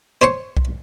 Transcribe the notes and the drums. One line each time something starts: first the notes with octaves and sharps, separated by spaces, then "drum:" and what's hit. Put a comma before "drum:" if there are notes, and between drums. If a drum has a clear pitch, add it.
C5 C#5 C6 C#6
drum: kick B1